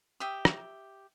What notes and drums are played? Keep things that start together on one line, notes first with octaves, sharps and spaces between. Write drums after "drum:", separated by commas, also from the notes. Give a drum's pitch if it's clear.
G4 E5 D#6
drum: rim click